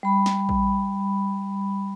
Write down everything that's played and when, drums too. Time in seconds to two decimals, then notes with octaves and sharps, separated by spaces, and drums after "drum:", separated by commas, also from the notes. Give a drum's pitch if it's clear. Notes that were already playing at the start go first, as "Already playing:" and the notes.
0.03 G3 B5
0.26 drum: snare
0.49 drum: kick A1